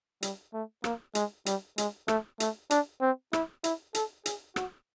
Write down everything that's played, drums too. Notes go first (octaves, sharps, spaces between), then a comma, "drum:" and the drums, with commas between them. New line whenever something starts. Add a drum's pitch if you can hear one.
G3, drum: hi-hat
A3
A#3, drum: rim click
G#3, drum: hi-hat
G3, drum: hi-hat
G#3, drum: hi-hat
A3, drum: rim click
A3, drum: hi-hat
D4, drum: hi-hat
C4
E4, drum: rim click
E4, drum: hi-hat
A4, drum: hi-hat
G#4, drum: hi-hat
F#4, drum: rim click